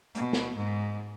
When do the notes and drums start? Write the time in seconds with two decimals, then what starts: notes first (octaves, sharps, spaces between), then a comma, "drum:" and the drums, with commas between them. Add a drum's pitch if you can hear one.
0.15 B2, drum: hi-hat
0.33 drum: snare
0.57 G#2